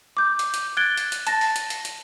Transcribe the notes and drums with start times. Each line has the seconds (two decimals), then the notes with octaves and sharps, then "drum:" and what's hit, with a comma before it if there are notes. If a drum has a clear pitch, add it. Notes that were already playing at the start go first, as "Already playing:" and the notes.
0.17 D6 G6
0.39 drum: hi-hat
0.54 drum: hi-hat
0.77 F#6 G#6 A6 D7 G7
0.97 drum: hi-hat
1.12 drum: hi-hat
1.27 A5 A6 A#6, drum: hi-hat
1.41 drum: open hi-hat
1.56 drum: hi-hat
1.70 drum: hi-hat
1.85 drum: hi-hat